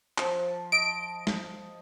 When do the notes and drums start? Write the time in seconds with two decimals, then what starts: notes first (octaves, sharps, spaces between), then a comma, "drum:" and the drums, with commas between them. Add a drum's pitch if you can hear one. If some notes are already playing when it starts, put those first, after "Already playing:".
0.18 F3, drum: clap
0.72 D#5 D7
1.27 drum: snare